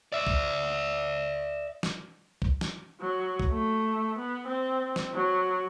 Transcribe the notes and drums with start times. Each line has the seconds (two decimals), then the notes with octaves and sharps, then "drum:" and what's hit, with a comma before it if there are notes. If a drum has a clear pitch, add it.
0.12 D5 E5
0.27 drum: kick
1.83 drum: snare
2.42 drum: kick
2.61 drum: snare
3.00 F#3
3.40 drum: kick
3.51 A3
4.19 B3
4.48 C4
4.96 drum: snare
5.14 F#3